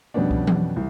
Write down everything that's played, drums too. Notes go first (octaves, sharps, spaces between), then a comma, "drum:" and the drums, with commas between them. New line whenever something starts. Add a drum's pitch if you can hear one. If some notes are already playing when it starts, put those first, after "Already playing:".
F2 B2 G3 B3 C#4 D4
drum: kick C2
drum: tom E3
C2